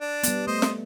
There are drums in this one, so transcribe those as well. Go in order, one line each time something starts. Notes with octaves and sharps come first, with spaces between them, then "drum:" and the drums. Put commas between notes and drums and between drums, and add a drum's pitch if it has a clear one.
D4
G3 B3, drum: hi-hat
A3 C5 D#5
drum: snare